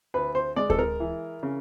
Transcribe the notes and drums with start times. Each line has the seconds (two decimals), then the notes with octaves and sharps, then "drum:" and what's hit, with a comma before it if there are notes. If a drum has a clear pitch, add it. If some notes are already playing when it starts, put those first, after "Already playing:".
0.14 D2 B4
0.35 C5
0.56 G#3 D5
0.70 A4, drum: kick D2
0.79 A#4
1.00 E3
1.43 C#3